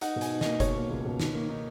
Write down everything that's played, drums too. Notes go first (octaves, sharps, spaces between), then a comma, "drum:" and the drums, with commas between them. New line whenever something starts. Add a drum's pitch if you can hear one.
D#4 F#5, drum: hi-hat
B2
G#5, drum: hi-hat
D#4
A#3 D#5, drum: snare
B2 C#5, drum: kick, hi-hat
A#3
C#2
B2
D#3, drum: snare
A#3
D#4